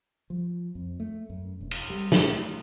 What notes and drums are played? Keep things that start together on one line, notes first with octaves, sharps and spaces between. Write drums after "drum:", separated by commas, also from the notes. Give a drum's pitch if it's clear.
F3
F2
A3
F#2
E1
drum: cymbal
G3
A3, drum: snare